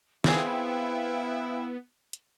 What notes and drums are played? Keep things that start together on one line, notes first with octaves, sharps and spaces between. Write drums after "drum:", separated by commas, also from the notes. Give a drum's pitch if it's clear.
B3 C4 E4 G#4 B4 F5 G5, drum: snare
drum: hi-hat